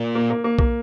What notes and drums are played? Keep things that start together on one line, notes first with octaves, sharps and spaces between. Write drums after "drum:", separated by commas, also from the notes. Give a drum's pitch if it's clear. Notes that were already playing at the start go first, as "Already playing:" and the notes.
Already playing: A#2
A#3
A#3
A#3
A#3, drum: kick B1